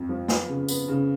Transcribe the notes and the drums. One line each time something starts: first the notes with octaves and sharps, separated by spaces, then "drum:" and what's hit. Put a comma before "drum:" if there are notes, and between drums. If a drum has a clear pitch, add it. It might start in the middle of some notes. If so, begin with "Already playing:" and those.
Already playing: F2
F3
B3, drum: snare
C#3
B3, drum: tambourine
C#3